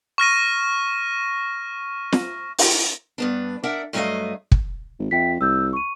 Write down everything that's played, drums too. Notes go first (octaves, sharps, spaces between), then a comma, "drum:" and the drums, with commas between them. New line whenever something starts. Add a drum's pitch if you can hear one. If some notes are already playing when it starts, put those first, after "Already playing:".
C#6 F6 A#6 D#7
drum: snare
drum: open hi-hat
G2 B3 D4
D4 A#4 E5 F#5
G2 F#3 A3 C#4 D#5 F5
drum: kick
G#1
F2 E5 G5 B6
C2 E6 G6
C#6 D#7